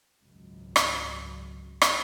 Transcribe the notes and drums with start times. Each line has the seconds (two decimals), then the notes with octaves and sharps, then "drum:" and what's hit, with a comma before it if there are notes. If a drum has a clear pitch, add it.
0.23 G#1 C#2 F#2
0.76 drum: rim click
1.82 drum: rim click